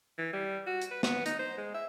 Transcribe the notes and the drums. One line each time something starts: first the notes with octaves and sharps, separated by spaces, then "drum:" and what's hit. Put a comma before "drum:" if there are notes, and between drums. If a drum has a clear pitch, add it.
E3
G3
F#4
drum: hi-hat
B4
B3, drum: snare
D#4, drum: hi-hat
C5
G#3
E5